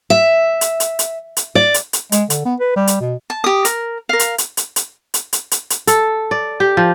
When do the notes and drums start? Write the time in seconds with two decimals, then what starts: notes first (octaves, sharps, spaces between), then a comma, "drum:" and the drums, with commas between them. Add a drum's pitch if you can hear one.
0.10 E5
0.61 drum: hi-hat
0.80 drum: hi-hat
0.99 drum: hi-hat
1.37 drum: hi-hat
1.55 D5
1.74 drum: hi-hat
1.93 drum: hi-hat
2.12 G#3, drum: hi-hat
2.30 D3, drum: hi-hat
2.45 B3
2.60 B4
2.76 G3
2.87 drum: hi-hat
3.00 B2
3.30 A5
3.44 G4 D#6
3.65 A#4, drum: hi-hat
4.09 A#4 F5
4.19 drum: hi-hat
4.38 drum: hi-hat
4.57 drum: hi-hat
4.76 drum: hi-hat
5.14 drum: hi-hat
5.33 drum: hi-hat
5.51 drum: hi-hat
5.70 drum: hi-hat
5.87 A4, drum: hi-hat
6.31 D5
6.60 G4
6.77 F3